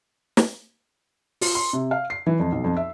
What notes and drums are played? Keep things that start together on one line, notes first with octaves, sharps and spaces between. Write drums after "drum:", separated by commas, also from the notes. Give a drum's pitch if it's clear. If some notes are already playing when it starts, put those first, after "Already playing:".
drum: snare
F4, drum: open hi-hat
C6
C3
F5
C7
E3
F2
B1
F2
E5